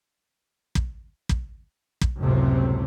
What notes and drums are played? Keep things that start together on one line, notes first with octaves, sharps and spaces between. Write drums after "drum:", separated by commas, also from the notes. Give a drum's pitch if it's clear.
drum: kick
drum: kick
drum: kick
F#1 C#2 A2 C3 C4